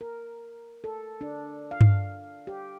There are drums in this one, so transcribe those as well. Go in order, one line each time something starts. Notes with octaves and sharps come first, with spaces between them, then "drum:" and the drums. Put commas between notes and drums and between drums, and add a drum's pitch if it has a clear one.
A#4
A4
D4
F5
drum: tom G2
G4